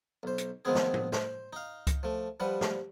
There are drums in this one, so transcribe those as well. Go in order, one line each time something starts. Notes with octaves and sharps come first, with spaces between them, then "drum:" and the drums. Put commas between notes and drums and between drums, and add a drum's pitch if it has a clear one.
B1 C5
drum: hi-hat
D#3 F3 G#3 B3 C4 G#4
drum: snare
drum: tom A2
C5, drum: snare
D#4 F5
drum: kick C#2, hi-hat
F3 A3
F3 G3 B4 F#5
drum: snare